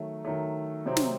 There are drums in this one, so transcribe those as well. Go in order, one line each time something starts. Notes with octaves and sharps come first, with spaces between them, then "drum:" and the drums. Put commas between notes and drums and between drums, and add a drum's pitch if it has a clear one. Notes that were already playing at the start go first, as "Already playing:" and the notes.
Already playing: D#3 F#3 A3
D#3 F#3 A3
C3 F#3 A3 C4 D#4
drum: snare